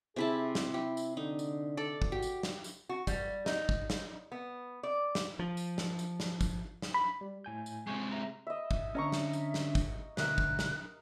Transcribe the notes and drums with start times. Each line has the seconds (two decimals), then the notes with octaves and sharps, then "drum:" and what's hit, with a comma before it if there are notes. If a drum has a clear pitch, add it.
0.16 C3 E4 G#4 A5
0.55 drum: snare
0.74 E4 G4
0.97 drum: tambourine
1.17 D3 D#4
1.39 drum: tambourine
1.77 A4 D5
2.02 drum: kick
2.12 F#4 G4
2.22 drum: tambourine
2.43 drum: snare
2.64 drum: tambourine
2.89 F#4
3.07 G3, drum: kick, tambourine
3.46 D#4, drum: snare
3.69 drum: kick
3.90 drum: snare
4.32 B3
4.83 D5
5.15 drum: snare
5.39 F3
5.57 drum: tambourine
5.78 drum: snare
5.99 drum: tambourine
6.20 drum: snare
6.41 drum: kick, tambourine
6.82 drum: snare
6.94 B5
7.21 G3
7.44 A2 G#5 G6
7.66 drum: tambourine
7.87 C3 G#3 G#5 C#6 G6
8.12 E5 A#5
8.47 D#5 E5
8.71 drum: kick
8.95 D3 C#4 D#5 E5 A#5 C#6
9.12 drum: snare
9.33 drum: tambourine
9.54 drum: snare
9.75 drum: kick, tambourine
10.17 D2 B2 A#4 E5 D#6 F#6, drum: snare
10.38 drum: kick
10.59 drum: snare